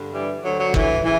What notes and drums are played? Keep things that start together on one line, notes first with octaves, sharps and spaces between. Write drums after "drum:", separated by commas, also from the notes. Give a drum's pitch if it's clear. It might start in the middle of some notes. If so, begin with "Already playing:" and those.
Already playing: G2 D3
E3 G3
D2 D3 F#3
F#3
E3, drum: kick
C#3 E3